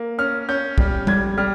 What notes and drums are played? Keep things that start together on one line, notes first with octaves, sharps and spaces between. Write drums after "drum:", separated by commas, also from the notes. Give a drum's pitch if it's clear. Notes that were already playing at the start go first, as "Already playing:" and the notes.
Already playing: A#3
C#4 F6
C#4 G6
G3, drum: kick
G3 G#6, drum: tom G3
G3 F6